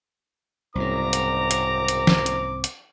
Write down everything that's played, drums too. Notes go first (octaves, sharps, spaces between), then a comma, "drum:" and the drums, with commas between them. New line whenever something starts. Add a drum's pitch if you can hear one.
F#1 C2 G#2 C4 A#5 D6
drum: hi-hat
drum: hi-hat
drum: hi-hat
drum: snare
drum: hi-hat
drum: hi-hat